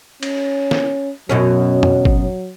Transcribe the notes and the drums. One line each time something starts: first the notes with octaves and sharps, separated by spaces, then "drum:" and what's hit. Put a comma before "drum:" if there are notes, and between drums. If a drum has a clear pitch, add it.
C#4, drum: cymbal
drum: snare
F#2 B2 F#3 C#4
drum: tom F2
drum: kick G#1